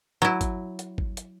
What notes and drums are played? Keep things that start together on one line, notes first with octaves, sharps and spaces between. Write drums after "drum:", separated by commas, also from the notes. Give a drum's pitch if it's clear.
F#3 E4
drum: kick G#1, hi-hat
drum: hi-hat
drum: kick G#1
drum: hi-hat